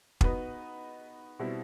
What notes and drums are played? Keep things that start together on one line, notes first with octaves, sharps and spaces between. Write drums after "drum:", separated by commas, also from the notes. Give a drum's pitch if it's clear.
B3 D#4 F#4 B4 D#5, drum: kick
B2 G3 C4 E4